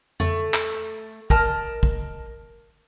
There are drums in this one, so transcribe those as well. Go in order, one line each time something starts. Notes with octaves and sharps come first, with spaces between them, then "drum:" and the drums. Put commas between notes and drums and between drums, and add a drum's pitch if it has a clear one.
A3, drum: tom F2
drum: clap
A#4 D#5 A5 F6, drum: kick
drum: kick